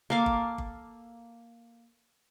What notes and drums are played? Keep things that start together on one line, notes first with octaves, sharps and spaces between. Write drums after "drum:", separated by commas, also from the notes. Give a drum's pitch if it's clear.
A#3 A4 F5 D6
drum: kick G1
drum: kick G1